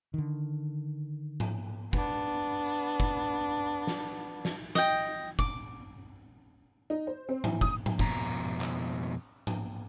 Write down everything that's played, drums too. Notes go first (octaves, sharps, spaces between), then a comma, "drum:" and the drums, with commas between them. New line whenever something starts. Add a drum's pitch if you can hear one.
D3 D#3
drum: tom
B3 D4, drum: kick
drum: tambourine
drum: kick
drum: snare
drum: snare
D#5 G5, drum: snare
D6, drum: kick
D#4
C5
C4
E3, drum: tom
D#6, drum: kick
drum: tom
F2 B2 A#5, drum: kick
drum: clap
drum: tom